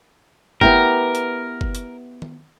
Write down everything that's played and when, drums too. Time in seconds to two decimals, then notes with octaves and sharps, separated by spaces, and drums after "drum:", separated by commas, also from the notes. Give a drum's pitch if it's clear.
0.61 B3 E4 G4 A#4, drum: kick F#1
1.15 drum: hi-hat
1.61 drum: kick F#1
1.75 drum: hi-hat
2.22 drum: tom D#3